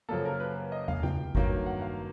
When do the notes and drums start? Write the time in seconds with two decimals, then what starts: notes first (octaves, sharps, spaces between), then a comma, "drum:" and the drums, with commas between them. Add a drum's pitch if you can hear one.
0.09 F#2 C#3 F3 A#3 A4
0.25 A#4
0.40 B4
0.72 D#5
0.88 F5, drum: tom
1.03 G5, drum: tom C#3
1.35 G2 D#3 F#3 A#3, drum: kick G#1
1.66 F#5
1.82 F5